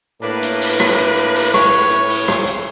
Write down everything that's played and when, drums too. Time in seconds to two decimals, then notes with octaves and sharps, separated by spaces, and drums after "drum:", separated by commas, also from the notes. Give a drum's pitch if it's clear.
0.22 A2 A#3 D4 B4
0.43 drum: hi-hat
0.61 drum: open hi-hat
0.80 drum: rim click
0.98 drum: hi-hat
1.17 drum: hi-hat
1.35 drum: open hi-hat
1.54 C#5 C#6, drum: rim click
1.91 drum: hi-hat
2.10 drum: open hi-hat
2.28 drum: rim click
2.47 drum: hi-hat